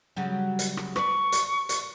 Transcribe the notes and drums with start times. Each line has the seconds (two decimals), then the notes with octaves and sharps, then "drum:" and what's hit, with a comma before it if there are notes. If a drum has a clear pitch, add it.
0.17 C#3 F#3 G3
0.59 drum: hi-hat
0.77 drum: rim click
0.96 B4 D5 C#6, drum: rim click
1.32 drum: hi-hat
1.69 drum: hi-hat